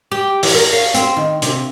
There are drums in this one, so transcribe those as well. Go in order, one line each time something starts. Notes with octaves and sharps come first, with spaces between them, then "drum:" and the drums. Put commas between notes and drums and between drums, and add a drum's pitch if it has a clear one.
G4
E3, drum: open hi-hat
A#4
F5
C4, drum: hi-hat
D#3
C3, drum: hi-hat